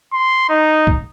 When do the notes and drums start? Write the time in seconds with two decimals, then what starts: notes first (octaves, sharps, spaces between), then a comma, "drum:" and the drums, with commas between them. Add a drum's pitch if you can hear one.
0.13 C6
0.49 D#4
0.87 drum: kick